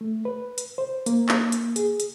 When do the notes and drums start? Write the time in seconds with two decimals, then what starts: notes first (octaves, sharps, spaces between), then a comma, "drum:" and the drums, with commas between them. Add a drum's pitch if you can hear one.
0.01 A3
0.25 B4
0.58 drum: hi-hat
0.78 C5
1.06 A#3, drum: hi-hat
1.29 drum: clap
1.52 drum: hi-hat
1.76 G#4, drum: hi-hat
2.00 drum: hi-hat